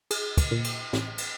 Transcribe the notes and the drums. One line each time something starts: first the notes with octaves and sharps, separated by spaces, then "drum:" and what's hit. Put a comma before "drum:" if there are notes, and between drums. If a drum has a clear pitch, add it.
G#4, drum: cymbal
drum: kick, cymbal
A#2
drum: cymbal
A1, drum: snare
drum: cymbal